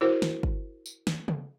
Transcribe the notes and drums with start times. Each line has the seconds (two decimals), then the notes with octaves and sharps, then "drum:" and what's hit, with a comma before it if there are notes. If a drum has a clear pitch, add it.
0.01 E4 F#4 A#4 C5
0.22 drum: snare
0.43 drum: kick
0.86 drum: tambourine
1.07 drum: snare
1.28 drum: tom C#3